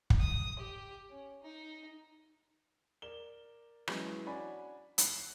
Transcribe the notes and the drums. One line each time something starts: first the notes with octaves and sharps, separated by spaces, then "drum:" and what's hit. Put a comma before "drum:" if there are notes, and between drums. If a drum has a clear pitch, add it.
drum: kick
D#6
G4
C#4
D#4
A#4 D5 E7 G7
E3 F#3 G#3 B3 C#4, drum: rim click
D4 F#4 C#5 D5 G#5 B5
B5 F#6 C7, drum: hi-hat